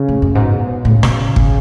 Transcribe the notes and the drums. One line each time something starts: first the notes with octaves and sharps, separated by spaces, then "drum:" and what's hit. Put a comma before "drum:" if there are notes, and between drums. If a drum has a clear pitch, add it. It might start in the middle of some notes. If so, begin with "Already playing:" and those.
Already playing: C#3
A2
F#2
G#2 B2
A2 C#3
B2, drum: rim click
drum: kick